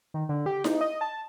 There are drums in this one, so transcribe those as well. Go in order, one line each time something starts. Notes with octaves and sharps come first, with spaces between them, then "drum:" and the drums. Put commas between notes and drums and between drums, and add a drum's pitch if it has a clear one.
D#3
D3
G4
D#4, drum: snare E4
D#5
A5